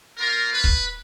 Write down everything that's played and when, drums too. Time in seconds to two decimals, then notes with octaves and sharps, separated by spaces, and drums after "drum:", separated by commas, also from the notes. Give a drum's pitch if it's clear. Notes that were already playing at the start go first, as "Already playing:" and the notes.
0.17 A#3 F4 A#4
0.52 B4
0.64 drum: kick